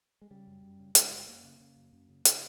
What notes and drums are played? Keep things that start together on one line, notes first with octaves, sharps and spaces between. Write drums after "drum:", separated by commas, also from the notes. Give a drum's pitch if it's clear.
G#3
C#3 G3
F#2
F#2
C#3
C#3 G#3, drum: hi-hat
F#2
F#2 A#3
C#3
C#3
F#2
F#2
C#3
C#3, drum: hi-hat